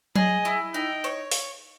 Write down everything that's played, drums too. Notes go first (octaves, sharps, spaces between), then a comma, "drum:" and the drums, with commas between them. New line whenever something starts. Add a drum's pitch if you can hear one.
G#4 D#5, drum: tom F#3
E4
D#4 G5
C#5
drum: open hi-hat